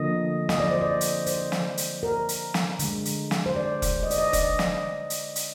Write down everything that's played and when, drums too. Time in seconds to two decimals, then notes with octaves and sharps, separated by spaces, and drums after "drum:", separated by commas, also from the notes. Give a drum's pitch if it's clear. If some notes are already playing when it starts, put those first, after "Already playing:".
Already playing: D3 F3 A#3 D#5
0.49 D#5, drum: snare
0.60 D5
0.71 C5
0.81 D5
1.01 drum: hi-hat
1.26 C5, drum: hi-hat
1.52 drum: snare
1.77 drum: hi-hat
2.03 A#4
2.29 drum: hi-hat
2.54 drum: snare
2.79 D3 G#3, drum: hi-hat
3.05 drum: hi-hat
3.31 drum: snare
3.46 C5
3.56 D5
3.82 drum: kick F1, hi-hat
4.03 D#5
4.10 D5, drum: hi-hat
4.18 D#5
4.33 D5, drum: kick F1, hi-hat
4.59 drum: snare
5.10 drum: hi-hat
5.36 drum: hi-hat